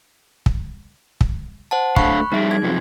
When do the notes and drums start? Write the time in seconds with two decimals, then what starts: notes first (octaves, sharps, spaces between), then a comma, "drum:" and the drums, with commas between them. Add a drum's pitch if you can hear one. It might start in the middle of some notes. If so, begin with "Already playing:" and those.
0.46 drum: kick
1.21 drum: kick
1.71 C5 F#5 A5
1.96 A3 D4 F5 B5 C#6 F#6, drum: kick
2.32 F2 G3 D#4 G#4 E5
2.51 G#6
2.63 F#2 C3 F3